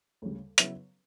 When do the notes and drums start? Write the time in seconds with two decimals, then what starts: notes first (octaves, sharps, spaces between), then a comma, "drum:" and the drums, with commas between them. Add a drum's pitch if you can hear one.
0.22 D2 C#3 G3
0.58 C#3 F#3 B3 E4 B4, drum: hi-hat